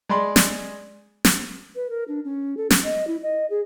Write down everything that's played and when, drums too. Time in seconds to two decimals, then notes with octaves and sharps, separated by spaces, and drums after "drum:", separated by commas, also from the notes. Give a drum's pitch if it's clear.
0.09 G#3 D5 B5 C6
0.36 drum: snare
1.25 drum: snare
1.75 B4
1.90 A#4
2.08 D4
2.24 C#4
2.57 A4
2.70 C#4, drum: snare
2.84 D#5
3.07 E4
3.22 D#5
3.50 G#4